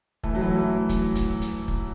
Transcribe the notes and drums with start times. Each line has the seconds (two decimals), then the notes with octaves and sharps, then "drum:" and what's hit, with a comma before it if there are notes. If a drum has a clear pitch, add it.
0.23 E3 A3, drum: kick
0.35 F#3
0.41 E3 A3
0.58 E3
0.89 drum: kick, hi-hat
1.15 drum: kick, hi-hat
1.42 drum: hi-hat
1.68 drum: kick